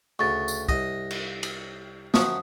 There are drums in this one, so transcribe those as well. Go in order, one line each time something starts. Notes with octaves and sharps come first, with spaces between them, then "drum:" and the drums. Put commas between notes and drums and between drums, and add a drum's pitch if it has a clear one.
D2 C#3 C#6 A6
drum: tambourine
C2 D#5 D#6 A#6, drum: kick
drum: cymbal
drum: cymbal
F#2 F3 F#3 D#6, drum: snare